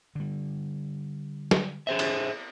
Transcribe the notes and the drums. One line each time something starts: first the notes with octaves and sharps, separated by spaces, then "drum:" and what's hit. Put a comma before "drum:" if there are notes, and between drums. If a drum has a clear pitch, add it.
D3 G3
drum: snare
G#4 C5 E5
drum: cymbal